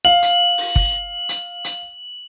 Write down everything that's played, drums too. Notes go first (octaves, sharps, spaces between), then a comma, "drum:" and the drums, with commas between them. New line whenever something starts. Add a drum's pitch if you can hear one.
F5 F#7
drum: hi-hat
drum: open hi-hat
drum: kick
drum: hi-hat
drum: hi-hat